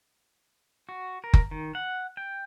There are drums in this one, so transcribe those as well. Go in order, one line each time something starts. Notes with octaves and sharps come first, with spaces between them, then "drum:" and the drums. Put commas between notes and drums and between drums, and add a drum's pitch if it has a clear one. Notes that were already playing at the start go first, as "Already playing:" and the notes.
F#4
A#4
drum: kick F#1
D#3
F#5
G5